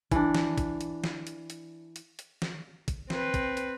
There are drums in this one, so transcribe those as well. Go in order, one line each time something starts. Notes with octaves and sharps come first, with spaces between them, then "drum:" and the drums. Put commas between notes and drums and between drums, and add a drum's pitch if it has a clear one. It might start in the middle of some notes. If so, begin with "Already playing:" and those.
E3 D4, drum: kick, hi-hat
drum: snare
drum: kick, hi-hat
drum: hi-hat
drum: snare
drum: hi-hat
drum: hi-hat
drum: hi-hat
drum: hi-hat
drum: snare
drum: kick, hi-hat
C4 B4, drum: snare
drum: kick, hi-hat
drum: hi-hat